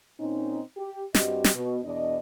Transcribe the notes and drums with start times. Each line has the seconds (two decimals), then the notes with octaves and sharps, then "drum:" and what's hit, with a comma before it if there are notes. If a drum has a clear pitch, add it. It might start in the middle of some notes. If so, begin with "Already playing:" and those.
0.19 A#2 C4 C#4 D#4
0.77 G4
1.14 G2 C4 F#4 G4 D#5, drum: snare
1.44 drum: snare
1.54 B2
1.84 E2 B2 D4 D5 D#5